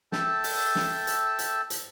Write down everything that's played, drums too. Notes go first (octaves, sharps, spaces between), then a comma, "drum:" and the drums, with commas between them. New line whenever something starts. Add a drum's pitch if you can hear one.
A4 E5 G5 A5, drum: snare
drum: open hi-hat
drum: snare
drum: hi-hat
drum: hi-hat
drum: hi-hat